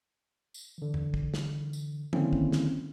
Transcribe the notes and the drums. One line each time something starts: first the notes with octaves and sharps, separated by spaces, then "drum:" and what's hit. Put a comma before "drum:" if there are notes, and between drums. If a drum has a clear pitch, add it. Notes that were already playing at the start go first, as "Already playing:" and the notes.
drum: tambourine
D3 E3
drum: tom E2
drum: kick
drum: snare
drum: tambourine
D3 D#3 A#3 C4 C#4 E4, drum: tom
drum: kick
drum: snare